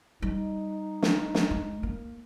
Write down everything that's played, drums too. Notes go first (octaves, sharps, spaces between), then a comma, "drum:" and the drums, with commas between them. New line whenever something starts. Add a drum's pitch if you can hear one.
G3 D#4
drum: snare
drum: snare
G#3
A#3